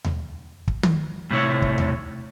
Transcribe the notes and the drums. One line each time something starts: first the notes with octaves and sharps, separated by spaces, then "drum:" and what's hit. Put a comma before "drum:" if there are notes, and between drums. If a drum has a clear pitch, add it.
drum: tom D#2
drum: kick
drum: tom D#3
A2 C3 E4 C#5
drum: kick
drum: tom D#2